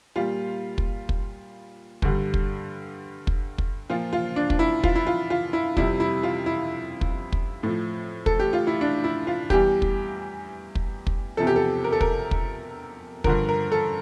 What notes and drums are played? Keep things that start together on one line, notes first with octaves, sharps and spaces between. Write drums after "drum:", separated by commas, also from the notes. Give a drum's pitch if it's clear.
A#2 G3 F4
drum: kick
drum: kick
G2 D3 G3, drum: kick
drum: kick
drum: kick
drum: kick
A#2 F3 F4
F4
D4
D4, drum: kick
E4
F4, drum: kick
E4
F4
F4
E4
F2 C3 G3 E4, drum: kick
E4
F4
E4
drum: kick
drum: kick
A2 F3
A4, drum: kick
G4
F4
E4
D4
E4
F4
E2 E3 G3 G4, drum: kick
drum: kick
drum: kick
drum: kick
E2 C3 F3 A4
G4
A4
A#4
A4
A#4, drum: kick
drum: kick
G2 D3 F3 A#4, drum: kick
A#4
A4